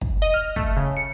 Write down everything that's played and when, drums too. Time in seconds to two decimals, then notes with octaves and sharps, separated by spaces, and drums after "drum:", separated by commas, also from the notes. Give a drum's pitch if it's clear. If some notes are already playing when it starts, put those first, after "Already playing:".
0.01 drum: kick
0.22 D#5
0.34 F6
0.56 A3, drum: kick
0.77 C#3
0.97 C#7